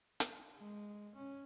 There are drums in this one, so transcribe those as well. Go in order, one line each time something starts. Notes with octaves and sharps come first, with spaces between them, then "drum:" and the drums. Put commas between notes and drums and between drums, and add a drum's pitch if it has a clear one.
drum: hi-hat
G#3
C#4